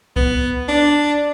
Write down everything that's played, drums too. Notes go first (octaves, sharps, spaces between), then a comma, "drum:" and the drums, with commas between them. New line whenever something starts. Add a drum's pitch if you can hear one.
B3, drum: kick C2
D4